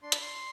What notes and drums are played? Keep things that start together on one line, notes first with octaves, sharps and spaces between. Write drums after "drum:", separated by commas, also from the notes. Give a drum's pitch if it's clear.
D4 C6
B5, drum: hi-hat
C6